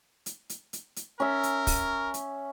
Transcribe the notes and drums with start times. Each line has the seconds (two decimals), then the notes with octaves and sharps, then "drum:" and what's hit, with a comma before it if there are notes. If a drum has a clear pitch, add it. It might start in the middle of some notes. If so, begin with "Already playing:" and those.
0.26 drum: hi-hat
0.49 drum: hi-hat
0.73 drum: hi-hat
0.96 drum: hi-hat
1.20 C#4 A#4 E5
1.43 drum: hi-hat
1.67 drum: kick, open hi-hat
2.14 drum: hi-hat